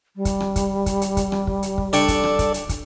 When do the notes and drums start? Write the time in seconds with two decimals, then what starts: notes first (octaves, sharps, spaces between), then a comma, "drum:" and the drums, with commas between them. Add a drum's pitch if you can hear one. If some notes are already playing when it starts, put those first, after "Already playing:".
0.16 G3
0.25 drum: kick, hi-hat
0.40 drum: rim click
0.56 drum: kick, hi-hat
0.86 drum: kick, hi-hat
1.01 drum: hi-hat
1.17 drum: kick, hi-hat
1.32 drum: rim click
1.47 drum: kick
1.63 drum: hi-hat
1.78 drum: kick
1.93 D4 A4 D5 G5 C#6, drum: hi-hat
2.08 drum: kick, hi-hat
2.24 drum: rim click
2.39 drum: kick, hi-hat
2.54 drum: hi-hat
2.69 drum: kick, hi-hat